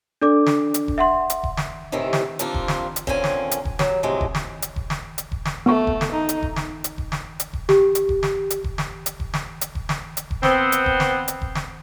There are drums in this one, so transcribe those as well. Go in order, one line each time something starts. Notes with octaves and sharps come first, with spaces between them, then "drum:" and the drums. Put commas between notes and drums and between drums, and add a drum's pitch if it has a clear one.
D4 A4 D5 D6
drum: snare
drum: hi-hat
drum: kick E1
E5 F#5 C6
drum: hi-hat
drum: kick E1
drum: snare
A2 C3 D#3 E3 E4
drum: snare
F3 G3 A#3 C4 D4 F4, drum: hi-hat
drum: kick E1
drum: snare
drum: hi-hat
A#2 D3 C4 C#4 G#5, drum: kick E1
drum: snare
drum: hi-hat
drum: kick E1
F#3, drum: snare
F2 A2 C3 F#3 G#3
drum: kick E1
drum: snare
drum: hi-hat
drum: kick E1
drum: snare
drum: hi-hat
drum: kick E1
drum: snare
A3 B3 C#6
drum: kick E1
drum: snare
D#4
drum: hi-hat
drum: kick E1
drum: snare
drum: hi-hat
drum: kick E1
drum: snare
drum: hi-hat
drum: kick E1
G4, drum: snare
drum: hi-hat
drum: kick E1
drum: snare
drum: hi-hat
drum: kick E1
drum: snare
drum: hi-hat
drum: kick E1
drum: snare
drum: hi-hat
drum: kick E1
drum: snare
drum: hi-hat
drum: kick E1
B3 C4, drum: snare
drum: hi-hat
drum: kick E1
drum: snare
drum: hi-hat
drum: kick E1
drum: snare